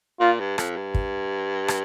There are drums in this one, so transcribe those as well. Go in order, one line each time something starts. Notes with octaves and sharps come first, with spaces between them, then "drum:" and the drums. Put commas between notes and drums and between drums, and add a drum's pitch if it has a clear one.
A#2 F4
G2
F2, drum: rim click
G2
drum: kick
drum: rim click